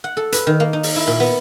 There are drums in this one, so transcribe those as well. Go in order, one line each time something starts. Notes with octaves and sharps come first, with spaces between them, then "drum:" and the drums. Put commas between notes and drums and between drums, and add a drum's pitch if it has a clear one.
F#5
A4
B4, drum: hi-hat
D#3
A#3
D#4
drum: open hi-hat
E4
A#2
B3